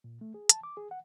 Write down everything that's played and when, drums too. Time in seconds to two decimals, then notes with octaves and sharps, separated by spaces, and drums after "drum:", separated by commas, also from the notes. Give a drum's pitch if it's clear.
0.04 A#2
0.21 A3
0.34 G#4
0.49 A5, drum: hi-hat
0.63 D6
0.77 G#4
0.91 F#5